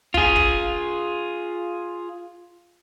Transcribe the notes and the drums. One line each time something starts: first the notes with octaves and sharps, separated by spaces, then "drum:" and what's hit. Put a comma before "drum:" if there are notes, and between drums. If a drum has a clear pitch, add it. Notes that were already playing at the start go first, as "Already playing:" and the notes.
F4 G#4, drum: kick
drum: kick